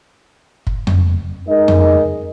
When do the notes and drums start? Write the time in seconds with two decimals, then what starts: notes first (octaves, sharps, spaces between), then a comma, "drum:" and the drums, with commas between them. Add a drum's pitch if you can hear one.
0.67 drum: kick
0.87 drum: tom F2
1.48 G#3 D#4 A#4 D#5
1.68 drum: tom F2